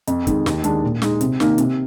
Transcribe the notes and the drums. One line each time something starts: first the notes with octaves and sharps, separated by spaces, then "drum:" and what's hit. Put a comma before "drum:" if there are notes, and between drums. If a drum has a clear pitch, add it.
F2, drum: hi-hat
D#3 G#3, drum: kick, hi-hat
D#2, drum: snare
D#3 G#3 D4, drum: hi-hat
A#2
G#3 D#4, drum: snare
C3, drum: hi-hat
D#3 A#3 D#4, drum: snare
C3, drum: hi-hat